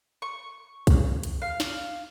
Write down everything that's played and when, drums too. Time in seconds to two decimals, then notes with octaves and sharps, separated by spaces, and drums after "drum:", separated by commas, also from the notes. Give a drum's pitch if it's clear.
0.22 C#6
0.87 drum: kick B1, hi-hat
1.23 drum: hi-hat
1.42 F5
1.60 drum: snare